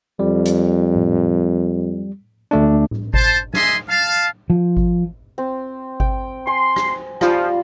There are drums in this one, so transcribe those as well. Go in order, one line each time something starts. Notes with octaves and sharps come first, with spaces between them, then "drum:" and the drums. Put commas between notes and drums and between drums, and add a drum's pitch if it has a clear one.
F2 G3
drum: hi-hat
drum: tom A2
D2 A3 D4
drum: tom A2
C5 A5, drum: kick G#1
G#4 A#4 D#5 E5 G#5 C6, drum: snare
F5 A5
F3
drum: kick G#1
C4
G5, drum: kick G#1
G#5 C6
drum: rim click
F3 G3 F4, drum: rim click